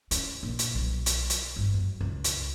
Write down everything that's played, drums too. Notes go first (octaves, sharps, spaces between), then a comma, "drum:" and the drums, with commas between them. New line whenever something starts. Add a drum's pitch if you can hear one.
C#4, drum: hi-hat
A#1
drum: hi-hat
B1
drum: hi-hat
drum: hi-hat
G1
F#2
C#2
drum: hi-hat